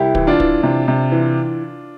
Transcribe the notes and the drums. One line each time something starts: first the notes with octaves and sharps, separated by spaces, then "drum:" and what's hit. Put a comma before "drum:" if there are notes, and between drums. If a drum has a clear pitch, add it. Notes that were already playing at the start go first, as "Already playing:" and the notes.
Already playing: C2 E4 G4
E3, drum: kick
D4 F4
E3, drum: kick
C3
C3
E3